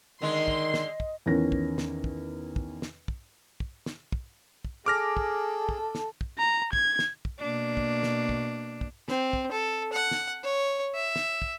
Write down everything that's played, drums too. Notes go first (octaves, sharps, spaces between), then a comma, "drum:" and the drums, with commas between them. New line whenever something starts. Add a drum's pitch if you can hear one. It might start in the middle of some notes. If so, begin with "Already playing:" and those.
D3 D#3 G#3 D#5 C6
drum: kick
drum: snare
drum: kick
E2 D#3 C#4 A#6
drum: kick
drum: snare
drum: kick
drum: kick
drum: snare
drum: kick
drum: kick
drum: snare
drum: kick
drum: kick
G#4 A4 D6 F6 A#6
drum: kick
drum: kick
drum: snare
drum: kick
A#5
G#6, drum: kick
drum: snare
drum: kick
B2 A#3 D4
drum: kick
drum: snare
drum: kick
drum: kick
C4, drum: snare
drum: kick
A4
F#5
drum: snare
C#5
E5
drum: snare
drum: kick